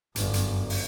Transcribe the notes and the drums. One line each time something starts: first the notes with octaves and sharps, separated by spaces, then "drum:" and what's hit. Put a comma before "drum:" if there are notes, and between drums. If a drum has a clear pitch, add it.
G1 F#2, drum: hi-hat
drum: hi-hat
drum: open hi-hat